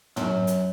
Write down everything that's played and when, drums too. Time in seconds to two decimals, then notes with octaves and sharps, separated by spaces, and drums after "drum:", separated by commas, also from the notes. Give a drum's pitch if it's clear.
0.17 F#2, drum: tom
0.47 drum: hi-hat